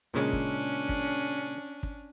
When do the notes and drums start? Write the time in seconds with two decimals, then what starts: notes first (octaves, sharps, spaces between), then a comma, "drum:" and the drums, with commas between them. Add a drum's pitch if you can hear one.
0.14 A#2 C#3 G#3 C#4 D4
0.33 drum: kick
0.89 drum: kick
1.83 drum: kick